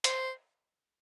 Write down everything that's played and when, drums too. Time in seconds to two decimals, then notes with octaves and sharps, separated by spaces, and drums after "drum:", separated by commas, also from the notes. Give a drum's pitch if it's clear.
0.04 C5, drum: hi-hat